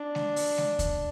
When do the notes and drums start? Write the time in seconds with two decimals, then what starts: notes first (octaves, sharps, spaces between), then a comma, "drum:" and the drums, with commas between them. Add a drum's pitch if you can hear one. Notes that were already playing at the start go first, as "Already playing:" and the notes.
Already playing: D4
0.15 drum: snare G#3
0.36 drum: open hi-hat
0.58 drum: snare G#3
0.79 drum: kick D2, hi-hat